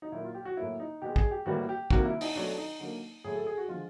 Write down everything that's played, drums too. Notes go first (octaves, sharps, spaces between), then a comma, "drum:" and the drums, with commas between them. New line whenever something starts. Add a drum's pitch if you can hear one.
D#4
A#2 F#3 A#3 E4
F4
G4
F#4
A2 F#3 A#3 E4
D#4
B2 G#3 G4
G#4, drum: kick
G4
A2 E3 G3 A#3 F#4
G4
C3 D#3 G3 A#3 F#4, drum: kick
E4
D#4, drum: open hi-hat
B2 F#3 A3 D4
D#4
D3 F#3 A#3
A2 F#3 A3 G#4
A4
G#4
F#4
D3 F3 G#3 F4